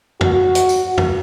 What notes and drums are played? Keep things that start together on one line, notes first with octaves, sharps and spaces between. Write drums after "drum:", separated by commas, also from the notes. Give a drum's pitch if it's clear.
F#4, drum: tom
drum: hi-hat
drum: tambourine
drum: tom